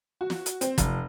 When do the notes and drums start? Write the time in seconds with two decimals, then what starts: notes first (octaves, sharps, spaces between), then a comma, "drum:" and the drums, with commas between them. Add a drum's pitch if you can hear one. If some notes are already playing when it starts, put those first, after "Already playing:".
0.21 F#4
0.30 drum: snare
0.46 drum: hi-hat
0.61 C4, drum: hi-hat
0.78 F1, drum: kick, hi-hat